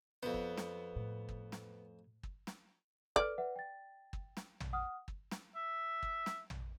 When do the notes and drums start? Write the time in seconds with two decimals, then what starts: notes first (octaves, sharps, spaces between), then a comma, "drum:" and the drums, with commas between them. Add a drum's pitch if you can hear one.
0.23 F2 B3 C5
0.34 drum: kick
0.57 drum: snare
0.96 A2
1.29 drum: kick
1.52 drum: snare
2.23 drum: kick
2.47 drum: snare
3.16 A4 B4 D5 F6, drum: kick
3.38 B4 E5 F#5
3.56 G5 A6
4.13 drum: kick
4.37 drum: snare
4.60 drum: tom
4.73 F#5 D#6 F6
5.08 drum: kick
5.31 drum: snare
5.55 E5
6.03 drum: kick
6.26 drum: snare
6.50 drum: tom